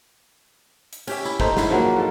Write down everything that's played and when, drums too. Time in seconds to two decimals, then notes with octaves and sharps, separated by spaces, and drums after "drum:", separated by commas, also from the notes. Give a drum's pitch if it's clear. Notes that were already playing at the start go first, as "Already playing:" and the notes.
0.93 drum: hi-hat
1.07 C#4 G4 E5, drum: cymbal
1.25 E4, drum: tambourine
1.40 A3 D#4 C5, drum: kick
1.57 G#2 E4, drum: snare
1.70 F3 F#3 A#3
1.96 G#2 A4